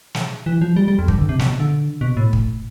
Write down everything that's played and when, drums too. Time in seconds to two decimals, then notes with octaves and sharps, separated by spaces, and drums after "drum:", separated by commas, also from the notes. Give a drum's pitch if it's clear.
0.14 drum: snare
0.46 E3
0.61 F3
0.76 G3
0.88 G3
0.99 F2
1.08 G2, drum: kick
1.18 D3
1.29 C3
1.39 B2, drum: snare
1.60 D3
2.01 B2
2.17 A2
2.33 drum: kick